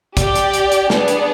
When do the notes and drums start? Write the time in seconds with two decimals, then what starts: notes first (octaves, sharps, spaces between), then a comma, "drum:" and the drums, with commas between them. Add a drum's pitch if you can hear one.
0.17 G4 D5 G5, drum: kick, hi-hat
0.35 drum: hi-hat
0.53 drum: hi-hat
0.72 drum: hi-hat
0.90 B3 D4 G#4 D5, drum: snare
1.08 drum: hi-hat